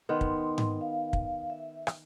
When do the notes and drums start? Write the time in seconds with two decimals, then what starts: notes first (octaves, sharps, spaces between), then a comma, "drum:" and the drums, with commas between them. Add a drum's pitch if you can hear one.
0.09 D#3 B3 C6
0.21 drum: kick
0.58 drum: tom G#2
0.81 F5
1.13 drum: kick
1.50 E5
1.87 drum: rim click